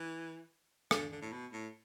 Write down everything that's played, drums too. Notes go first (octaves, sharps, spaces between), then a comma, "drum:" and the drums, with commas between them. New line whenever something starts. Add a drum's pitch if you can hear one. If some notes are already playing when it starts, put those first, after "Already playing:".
Already playing: E3
D3, drum: rim click
D3
A2
B2
A2